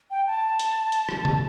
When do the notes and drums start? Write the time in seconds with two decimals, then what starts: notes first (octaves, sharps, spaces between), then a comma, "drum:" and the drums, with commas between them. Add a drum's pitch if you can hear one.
0.11 G5
0.27 A5
0.59 drum: hi-hat
0.92 drum: hi-hat
1.09 drum: rim click
1.25 drum: tom C3